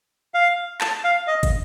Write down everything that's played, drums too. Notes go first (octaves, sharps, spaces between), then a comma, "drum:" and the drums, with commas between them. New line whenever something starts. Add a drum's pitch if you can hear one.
F5
A5, drum: clap
F5
D#5
drum: kick, hi-hat